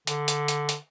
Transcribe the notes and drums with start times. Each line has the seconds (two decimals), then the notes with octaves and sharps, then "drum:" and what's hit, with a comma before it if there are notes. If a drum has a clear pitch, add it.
0.07 D3, drum: hi-hat
0.28 drum: hi-hat
0.48 drum: hi-hat
0.69 drum: hi-hat